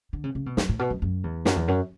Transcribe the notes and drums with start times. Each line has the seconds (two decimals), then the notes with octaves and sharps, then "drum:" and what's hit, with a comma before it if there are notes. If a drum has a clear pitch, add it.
0.13 D3
0.24 C#3
0.35 C#3
0.46 B2
0.57 F#2, drum: snare
0.69 A2
0.79 B2
0.90 F#2
1.02 F#2
1.24 E2
1.45 F#2, drum: snare
1.56 E2
1.68 F#2